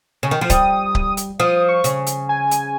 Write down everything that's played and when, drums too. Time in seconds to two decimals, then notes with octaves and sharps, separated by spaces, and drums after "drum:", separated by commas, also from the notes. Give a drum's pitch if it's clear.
0.23 C#3
0.31 D#3
0.41 F3
0.50 G3 D#6, drum: kick C#1, hi-hat
0.95 drum: kick C#1
1.17 drum: hi-hat
1.40 F3 D#6
1.69 C#6
1.84 C#3, drum: hi-hat
2.06 drum: hi-hat
2.29 G#5
2.51 drum: hi-hat